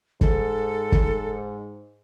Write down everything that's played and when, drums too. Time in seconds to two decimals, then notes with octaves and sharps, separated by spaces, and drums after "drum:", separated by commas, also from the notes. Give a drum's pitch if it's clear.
0.21 G#2 A4, drum: kick
0.92 drum: kick